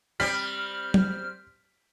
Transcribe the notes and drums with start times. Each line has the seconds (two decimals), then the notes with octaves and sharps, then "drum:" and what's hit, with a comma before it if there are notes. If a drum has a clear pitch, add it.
0.20 G3 C4 F6 B6 D7
0.94 drum: tom